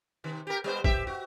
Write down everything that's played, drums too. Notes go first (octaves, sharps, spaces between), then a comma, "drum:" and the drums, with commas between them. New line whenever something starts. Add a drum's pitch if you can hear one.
C3 D#3
G4 A#4
G3 B3 C5
G4 E5, drum: kick
F#4